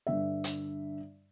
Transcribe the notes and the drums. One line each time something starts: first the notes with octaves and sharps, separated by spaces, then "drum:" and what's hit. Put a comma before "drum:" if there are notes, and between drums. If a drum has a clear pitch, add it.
G2 D3 E5
drum: hi-hat